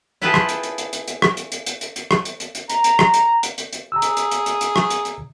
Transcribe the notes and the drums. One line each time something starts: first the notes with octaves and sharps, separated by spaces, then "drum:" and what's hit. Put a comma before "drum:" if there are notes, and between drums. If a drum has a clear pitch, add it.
E4 F4 G#4 B4 G5 A5
drum: rim click
drum: hi-hat
drum: hi-hat
drum: hi-hat
drum: hi-hat
drum: hi-hat
drum: rim click
drum: hi-hat
drum: hi-hat
drum: hi-hat
drum: hi-hat
drum: hi-hat
drum: rim click
drum: hi-hat
drum: hi-hat
drum: hi-hat
A#5, drum: hi-hat
drum: hi-hat
drum: rim click
drum: hi-hat
drum: hi-hat
drum: hi-hat
drum: hi-hat
G#4 A#5 E6
drum: hi-hat
drum: hi-hat
drum: hi-hat
drum: hi-hat
drum: hi-hat
drum: rim click
drum: hi-hat
drum: hi-hat